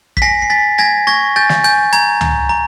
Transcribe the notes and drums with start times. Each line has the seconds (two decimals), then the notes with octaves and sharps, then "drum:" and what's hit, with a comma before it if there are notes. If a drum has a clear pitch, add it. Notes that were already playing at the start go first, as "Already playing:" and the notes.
0.17 B6, drum: kick
0.22 G#5 A#6 C7
0.42 C7
0.50 G#5 A6 B6
0.78 G#5 G#6 A#6
1.07 C#6 G#6 A#6
1.36 G#5 G6 A6
1.49 drum: snare
1.64 G#5 G6, drum: hi-hat
1.93 A#5 G#6, drum: hi-hat
2.21 A#5, drum: tom
2.49 A#5